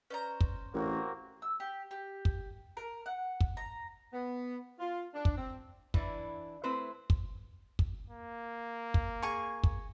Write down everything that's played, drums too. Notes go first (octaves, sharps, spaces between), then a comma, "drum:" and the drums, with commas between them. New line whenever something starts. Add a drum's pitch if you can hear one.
C#4 B4 C5 D5 A#5
drum: kick
A1 A#3 C4 F#4 A#4 C#5
E6
G4
G4
drum: kick
A#4
F#5
drum: kick
A#5
B3
F4
D4
drum: kick
C4
E3 D4 E4, drum: kick
A3 C4 E4 B4 C5
drum: kick
drum: kick
A#3
drum: kick
G#4 G#5 C#6
drum: kick